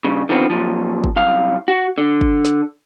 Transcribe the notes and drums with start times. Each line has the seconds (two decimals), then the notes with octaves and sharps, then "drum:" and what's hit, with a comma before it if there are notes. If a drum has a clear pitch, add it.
0.04 G2 C#3
0.29 D3 D#3 F3 B3 C4
0.50 F#2 A#2 F3
1.04 drum: kick
1.16 C2 F#2 F5
1.68 F#4
1.98 D3
2.21 drum: kick
2.45 drum: snare